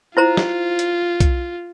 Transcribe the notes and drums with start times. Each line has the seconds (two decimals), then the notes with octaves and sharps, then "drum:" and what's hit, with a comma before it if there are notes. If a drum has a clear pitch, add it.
0.17 E4 F4 C5 A#5
0.37 drum: snare
0.79 drum: hi-hat
1.20 drum: kick B1, hi-hat